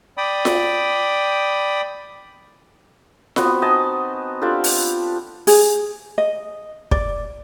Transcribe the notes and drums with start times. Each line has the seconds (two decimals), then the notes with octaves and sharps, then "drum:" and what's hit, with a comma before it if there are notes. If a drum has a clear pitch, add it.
0.17 D5 G5 B5 D#6
0.45 drum: snare F4
3.36 B3 C4 F#4 B4, drum: snare F4
3.61 D#4 D#5 G#5 A5
4.42 D4 F4 G4 A4
4.64 drum: open hi-hat
5.47 G#4, drum: open hi-hat
6.18 D#5
6.91 D5, drum: kick